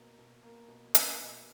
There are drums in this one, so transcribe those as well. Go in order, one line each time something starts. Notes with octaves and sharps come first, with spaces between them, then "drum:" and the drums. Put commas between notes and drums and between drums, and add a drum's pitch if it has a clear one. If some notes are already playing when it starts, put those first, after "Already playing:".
Already playing: B2 A#3
B2
A#3
B2
A#3, drum: hi-hat
B2